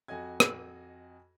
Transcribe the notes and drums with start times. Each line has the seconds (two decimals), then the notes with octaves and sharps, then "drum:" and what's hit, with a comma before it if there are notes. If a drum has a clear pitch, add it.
0.08 F2 F#4 D#5 G#5 G#6
0.40 drum: rim click